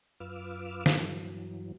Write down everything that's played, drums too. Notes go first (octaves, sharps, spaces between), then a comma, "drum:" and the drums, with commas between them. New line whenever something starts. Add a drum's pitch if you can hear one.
F#2 F4 B4 D6 E6 F6
G2 E3 F#3, drum: snare